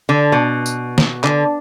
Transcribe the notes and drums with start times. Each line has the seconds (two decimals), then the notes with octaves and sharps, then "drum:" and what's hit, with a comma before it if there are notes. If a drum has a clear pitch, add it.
0.09 D3
0.32 B2
0.66 drum: tambourine
0.98 drum: snare
1.24 D3, drum: clap